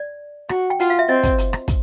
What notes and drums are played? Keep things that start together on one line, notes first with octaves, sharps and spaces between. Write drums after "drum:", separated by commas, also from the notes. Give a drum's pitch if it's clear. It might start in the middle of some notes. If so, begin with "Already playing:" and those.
Already playing: D5
F#4, drum: rim click
G5
F4 F#5, drum: hi-hat
F5
E5
C4 D#5
drum: kick, hi-hat
drum: hi-hat
drum: rim click
drum: kick, hi-hat